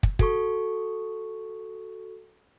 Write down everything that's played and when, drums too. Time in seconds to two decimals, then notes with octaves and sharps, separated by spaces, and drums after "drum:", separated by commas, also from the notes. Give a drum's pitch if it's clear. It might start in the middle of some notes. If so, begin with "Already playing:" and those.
0.03 drum: kick
0.19 F#4 A4 C#6, drum: kick